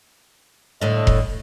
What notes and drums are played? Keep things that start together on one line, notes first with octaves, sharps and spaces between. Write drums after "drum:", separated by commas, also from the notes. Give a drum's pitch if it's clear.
A2 D3 D#5
drum: kick F1